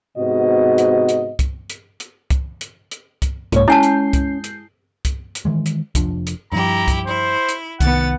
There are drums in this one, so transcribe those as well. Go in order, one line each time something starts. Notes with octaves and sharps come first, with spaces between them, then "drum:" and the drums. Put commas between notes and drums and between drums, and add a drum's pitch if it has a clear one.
G#2 C3 B3 F#4 D#5
drum: hi-hat
drum: hi-hat
drum: kick, hi-hat
drum: hi-hat
drum: hi-hat
drum: kick, hi-hat
drum: hi-hat
drum: hi-hat
drum: kick, hi-hat
C2 G#2 A#3 C#5, drum: hi-hat
G#3 C#4 E4 G#5 A5 G6 C7
drum: hi-hat
drum: kick, hi-hat
drum: hi-hat
drum: kick, hi-hat
drum: hi-hat
D#3 E3 G#3
drum: hi-hat
F1 F3 D4, drum: kick, hi-hat
drum: hi-hat
G2 F3 E4 G4 A#5
drum: kick, hi-hat
E4 C5
drum: hi-hat
C2 D#3 B3 F#5 A6, drum: kick, hi-hat